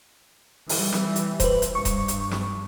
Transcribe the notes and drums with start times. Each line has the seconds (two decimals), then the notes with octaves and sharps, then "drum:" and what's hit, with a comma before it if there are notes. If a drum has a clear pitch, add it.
0.69 E3 G3, drum: open hi-hat
0.92 drum: snare
1.16 drum: hi-hat
1.40 B4 C5, drum: kick D#1, hi-hat
1.62 drum: hi-hat
1.75 G2 C#6
1.85 drum: kick D#1, hi-hat
2.08 drum: hi-hat
2.31 drum: snare